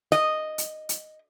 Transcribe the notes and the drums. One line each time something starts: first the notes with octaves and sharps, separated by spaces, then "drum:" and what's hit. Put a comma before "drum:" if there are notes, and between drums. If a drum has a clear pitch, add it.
D#5, drum: snare
drum: hi-hat
drum: hi-hat